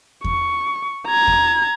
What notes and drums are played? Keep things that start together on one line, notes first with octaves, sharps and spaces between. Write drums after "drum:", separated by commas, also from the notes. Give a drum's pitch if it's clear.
C#6, drum: kick E2
A#5 G#6
drum: kick E2